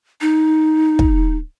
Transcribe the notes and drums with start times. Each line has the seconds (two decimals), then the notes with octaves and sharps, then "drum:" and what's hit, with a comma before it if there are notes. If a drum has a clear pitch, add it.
0.21 D#4
0.99 drum: kick